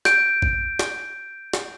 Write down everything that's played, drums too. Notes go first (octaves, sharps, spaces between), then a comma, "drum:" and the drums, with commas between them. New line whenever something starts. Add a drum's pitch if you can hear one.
G6 D7, drum: snare
drum: kick
drum: snare
drum: snare